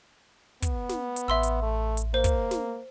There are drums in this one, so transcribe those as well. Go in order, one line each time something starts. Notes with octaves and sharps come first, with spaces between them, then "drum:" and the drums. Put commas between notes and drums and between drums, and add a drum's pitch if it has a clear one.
B3, drum: kick, hi-hat
drum: snare
drum: hi-hat
A1 E5 C6 E6
drum: hi-hat
A3
drum: hi-hat
A#3 C5
drum: kick, hi-hat
drum: snare